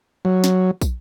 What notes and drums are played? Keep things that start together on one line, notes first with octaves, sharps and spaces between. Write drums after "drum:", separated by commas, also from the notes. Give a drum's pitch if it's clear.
F#3
drum: snare
drum: kick, tambourine